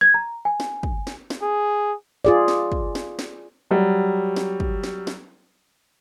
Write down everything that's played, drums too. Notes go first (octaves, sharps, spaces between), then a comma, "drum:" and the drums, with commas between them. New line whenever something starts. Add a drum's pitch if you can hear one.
G#6
A#5
G#5
drum: snare
drum: kick
drum: snare
drum: snare
G#4
F4 G#4 D5
drum: snare
drum: kick
drum: snare
drum: snare
F#3 G3
drum: snare
drum: kick
drum: snare
drum: snare